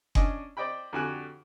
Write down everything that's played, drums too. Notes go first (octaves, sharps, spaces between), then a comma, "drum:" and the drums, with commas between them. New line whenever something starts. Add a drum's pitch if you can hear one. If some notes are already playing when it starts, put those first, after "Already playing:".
C#4 D4 D#5 G#5, drum: kick F#1
C5 D5 D#5 G5 B5
F2 D3 F#4 G4 G#5 F#6